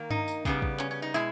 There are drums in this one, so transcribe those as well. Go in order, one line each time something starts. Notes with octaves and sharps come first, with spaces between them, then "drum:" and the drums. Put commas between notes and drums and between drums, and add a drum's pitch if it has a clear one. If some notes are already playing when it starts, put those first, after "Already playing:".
Already playing: D#3 A#3
D#4, drum: tom G2
drum: tambourine
C#3 G3 B3, drum: kick, tambourine
drum: kick
C#4, drum: clap
C#4
D#4
B2 G#3 E4, drum: tambourine